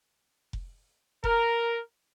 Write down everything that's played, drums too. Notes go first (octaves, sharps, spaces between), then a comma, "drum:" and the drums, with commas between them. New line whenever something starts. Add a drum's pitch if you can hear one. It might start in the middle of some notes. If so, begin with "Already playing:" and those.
drum: kick F1
A#4, drum: kick F1